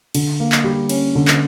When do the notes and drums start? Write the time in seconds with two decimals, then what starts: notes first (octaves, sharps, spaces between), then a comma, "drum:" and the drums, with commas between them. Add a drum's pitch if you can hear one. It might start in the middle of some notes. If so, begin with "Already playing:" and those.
0.15 D3, drum: cymbal
0.40 A#3
0.52 drum: clap
0.64 G3
0.89 C#4, drum: cymbal
1.15 D3
1.28 drum: clap